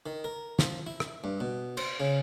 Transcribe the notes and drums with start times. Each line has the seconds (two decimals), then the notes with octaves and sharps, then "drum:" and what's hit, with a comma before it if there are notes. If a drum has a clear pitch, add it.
0.06 D#3
0.24 A#4
0.59 F3, drum: snare
0.87 E4
1.00 drum: rim click
1.24 G2
1.40 B2
1.77 C5, drum: cymbal
2.00 C#3